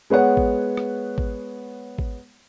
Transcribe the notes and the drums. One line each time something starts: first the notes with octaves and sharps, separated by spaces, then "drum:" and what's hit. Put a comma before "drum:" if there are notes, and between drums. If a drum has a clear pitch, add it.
G#3 B3 C#5 F#5
drum: kick G#1
drum: rim click
drum: kick G#1
drum: kick G#1